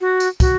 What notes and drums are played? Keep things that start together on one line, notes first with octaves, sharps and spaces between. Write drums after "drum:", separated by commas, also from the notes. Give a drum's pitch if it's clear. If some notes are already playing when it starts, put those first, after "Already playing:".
F#4
drum: tambourine
F#4, drum: kick, tambourine